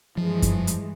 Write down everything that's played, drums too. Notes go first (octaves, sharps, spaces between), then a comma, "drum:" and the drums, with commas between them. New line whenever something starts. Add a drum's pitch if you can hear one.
G2 E3 F3 G#3
drum: kick F#2, hi-hat
drum: hi-hat